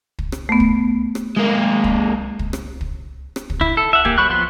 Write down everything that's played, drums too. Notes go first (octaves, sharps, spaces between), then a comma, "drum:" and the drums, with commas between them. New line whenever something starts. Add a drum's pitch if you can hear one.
drum: kick
drum: rim click
A3 B3
drum: kick
drum: rim click
G#3 A#3
drum: kick
drum: kick
drum: rim click
drum: kick
drum: rim click
drum: kick
E4, drum: kick
A4
E5 F#5
A#3 G4 G#5, drum: kick
F#3 B5 C#6 F#6
F3 B3 C6 F#6